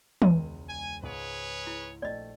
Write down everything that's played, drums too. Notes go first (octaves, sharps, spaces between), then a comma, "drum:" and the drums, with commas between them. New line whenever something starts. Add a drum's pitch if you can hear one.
E1 C#2 D#7, drum: tom
G#5
C#2 G#2 G#4 B4 C#5
E4
A#1 A3 D5 D#5 G5